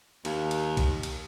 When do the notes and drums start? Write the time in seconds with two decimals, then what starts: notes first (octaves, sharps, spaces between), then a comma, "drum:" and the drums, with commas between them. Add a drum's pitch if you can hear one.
0.25 D#2, drum: cymbal
0.51 drum: cymbal
0.77 drum: kick, cymbal
1.03 drum: cymbal